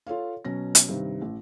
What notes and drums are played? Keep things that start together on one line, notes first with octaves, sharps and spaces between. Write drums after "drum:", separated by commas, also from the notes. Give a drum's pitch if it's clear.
F4 A4 C#5 F5
B2 F#3 C#4 A#6
drum: hi-hat
G2 C3 D#3
A1